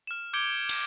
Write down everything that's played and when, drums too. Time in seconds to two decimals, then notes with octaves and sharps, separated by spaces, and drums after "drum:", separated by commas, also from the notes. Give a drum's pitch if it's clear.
0.07 F6 E7
0.33 D6 G6 G#6 C#7 D7 G7
0.69 drum: cymbal